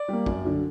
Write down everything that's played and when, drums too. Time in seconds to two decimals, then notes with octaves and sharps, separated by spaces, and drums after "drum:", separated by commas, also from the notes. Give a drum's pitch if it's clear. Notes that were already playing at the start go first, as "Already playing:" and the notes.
Already playing: D5
0.08 G3 A#3
0.26 F#2, drum: kick
0.44 D3 F#3